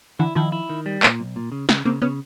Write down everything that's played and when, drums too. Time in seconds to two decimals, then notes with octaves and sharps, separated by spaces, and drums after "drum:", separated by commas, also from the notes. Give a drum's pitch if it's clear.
0.19 D3 E3 E4
0.35 D#3 F3 E4
0.52 E4
0.69 D#3
0.86 G3
1.03 A#2, drum: clap
1.20 B1
1.36 A#2
1.52 C#3
1.69 C#3, drum: snare
1.85 C#3 A#3 C4
2.02 C#3 B3 C#4